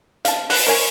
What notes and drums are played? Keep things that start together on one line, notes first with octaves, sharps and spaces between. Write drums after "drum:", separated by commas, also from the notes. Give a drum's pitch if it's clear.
F5 A5, drum: hi-hat
F#4 B4, drum: open hi-hat
A#4 C#5 G#5